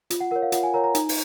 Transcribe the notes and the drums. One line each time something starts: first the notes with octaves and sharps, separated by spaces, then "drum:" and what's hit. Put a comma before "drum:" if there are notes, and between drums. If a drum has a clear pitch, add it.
F4, drum: hi-hat
F#5
A#4 C#5 F#5
F5
F4 F#5, drum: hi-hat
G#5
A#4 C#5 A#5
A#5
D#4, drum: hi-hat
drum: open hi-hat